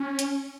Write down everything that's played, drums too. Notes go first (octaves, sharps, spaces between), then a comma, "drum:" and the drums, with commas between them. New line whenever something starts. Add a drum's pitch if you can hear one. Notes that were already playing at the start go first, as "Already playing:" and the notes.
Already playing: C#4
drum: hi-hat